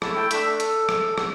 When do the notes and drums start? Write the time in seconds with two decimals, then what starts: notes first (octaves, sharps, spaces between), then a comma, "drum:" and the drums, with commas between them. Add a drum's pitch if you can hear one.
0.02 A3 E4 A5, drum: rim click
0.16 G5
0.31 A3 D4 E5, drum: hi-hat
0.45 A4
0.60 drum: hi-hat
0.89 drum: rim click
1.18 drum: rim click